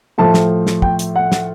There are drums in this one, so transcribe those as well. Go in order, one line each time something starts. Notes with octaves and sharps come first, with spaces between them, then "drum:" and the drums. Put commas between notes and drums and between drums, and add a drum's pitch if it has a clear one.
A2 F3 A3 A5
drum: snare
drum: snare
G5, drum: kick
drum: hi-hat
F#5
drum: snare